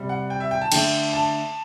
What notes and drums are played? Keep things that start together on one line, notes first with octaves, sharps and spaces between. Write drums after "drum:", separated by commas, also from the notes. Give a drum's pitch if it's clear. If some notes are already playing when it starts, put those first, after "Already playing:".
Already playing: C3 G3
F#5
G5
E5
G5
A5
D3 A3 G5, drum: cymbal
A5